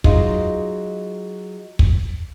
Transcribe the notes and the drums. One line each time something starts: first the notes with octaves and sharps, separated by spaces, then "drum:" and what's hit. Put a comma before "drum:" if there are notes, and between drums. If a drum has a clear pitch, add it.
F#3 G#3 D#4 F4, drum: kick
drum: kick